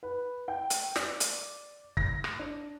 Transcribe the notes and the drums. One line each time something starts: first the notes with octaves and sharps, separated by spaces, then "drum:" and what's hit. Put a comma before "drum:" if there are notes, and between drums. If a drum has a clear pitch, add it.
B4
G5
drum: hi-hat
D5, drum: snare
drum: hi-hat
A#6, drum: kick
drum: rim click
D4